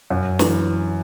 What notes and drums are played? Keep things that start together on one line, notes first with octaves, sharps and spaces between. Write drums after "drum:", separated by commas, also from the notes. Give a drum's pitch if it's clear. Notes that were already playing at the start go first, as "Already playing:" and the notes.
F#2
E3, drum: snare